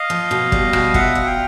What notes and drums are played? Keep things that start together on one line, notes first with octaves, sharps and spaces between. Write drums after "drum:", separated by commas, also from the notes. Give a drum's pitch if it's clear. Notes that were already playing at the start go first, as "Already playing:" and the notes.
Already playing: D#5 F5
F3
B2
G3, drum: kick
B2, drum: rim click
F4 E5 F#5, drum: kick
F4
F5 G5